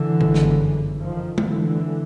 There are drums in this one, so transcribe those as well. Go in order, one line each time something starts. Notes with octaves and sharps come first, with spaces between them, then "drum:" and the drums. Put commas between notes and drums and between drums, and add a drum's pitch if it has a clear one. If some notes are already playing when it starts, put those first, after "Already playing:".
Already playing: D3 E3
G1 F#2 C#3, drum: tom
drum: snare
D#3 F3
D3 E3, drum: tom